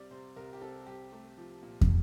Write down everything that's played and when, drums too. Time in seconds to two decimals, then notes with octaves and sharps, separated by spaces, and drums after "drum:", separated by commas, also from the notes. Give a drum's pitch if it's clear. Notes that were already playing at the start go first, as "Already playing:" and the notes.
Already playing: C2 G3 C4 D5
0.11 C3 C5
0.36 C2 A#4
0.53 G4
0.62 C4 A4
0.86 C2 G4
1.12 A3
1.38 F3
1.63 A#2
1.81 drum: kick